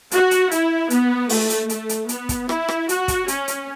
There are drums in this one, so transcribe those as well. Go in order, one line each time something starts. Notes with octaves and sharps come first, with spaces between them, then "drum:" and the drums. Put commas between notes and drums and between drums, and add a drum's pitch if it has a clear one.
F#4, drum: hi-hat
drum: hi-hat
E4, drum: hi-hat
B3, drum: hi-hat
A3, drum: open hi-hat
drum: hi-hat
A3, drum: hi-hat
drum: hi-hat
B3, drum: hi-hat
drum: kick, hi-hat
E4, drum: rim click
drum: rim click
F#4, drum: hi-hat
drum: kick, hi-hat
C#4, drum: hi-hat
drum: hi-hat